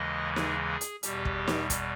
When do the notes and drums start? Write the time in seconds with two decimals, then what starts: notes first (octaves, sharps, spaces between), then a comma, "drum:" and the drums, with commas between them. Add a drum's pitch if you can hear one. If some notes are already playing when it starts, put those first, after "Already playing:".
Already playing: D#2 C#3 E3 G#3 D#5
0.36 G#4, drum: snare
0.81 drum: hi-hat
1.03 E2 B2 G3 G4, drum: hi-hat
1.25 drum: kick
1.47 drum: snare
1.70 drum: kick, hi-hat